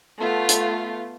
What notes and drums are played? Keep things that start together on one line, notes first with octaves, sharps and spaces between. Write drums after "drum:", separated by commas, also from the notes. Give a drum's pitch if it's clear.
A3 B3 F4
drum: hi-hat